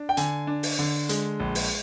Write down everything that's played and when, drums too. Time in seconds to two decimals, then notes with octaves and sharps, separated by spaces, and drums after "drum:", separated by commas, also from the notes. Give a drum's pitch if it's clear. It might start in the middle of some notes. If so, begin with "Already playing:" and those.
Already playing: D4
0.09 G5
0.17 D3 G#5, drum: hi-hat
0.47 D4
0.63 drum: open hi-hat
0.79 D3
1.09 G#3, drum: hi-hat
1.40 A#1
1.55 drum: open hi-hat